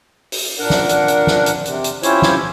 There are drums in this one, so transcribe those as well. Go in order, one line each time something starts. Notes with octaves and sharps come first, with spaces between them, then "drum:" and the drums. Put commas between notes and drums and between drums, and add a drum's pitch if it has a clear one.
drum: open hi-hat
A#2 D4 A#4 F#5
drum: snare
drum: hi-hat
drum: hi-hat
drum: snare
drum: hi-hat
C3, drum: hi-hat
drum: hi-hat
C#4 E4 F4 G4 C5 C#5, drum: hi-hat
drum: snare